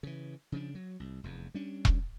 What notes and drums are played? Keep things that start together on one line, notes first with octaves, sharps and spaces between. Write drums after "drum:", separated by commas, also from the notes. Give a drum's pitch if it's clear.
C#3 E3
C#3 F3 D4
F#3
C2
F1 E2
G3 C#4 D4
drum: kick E1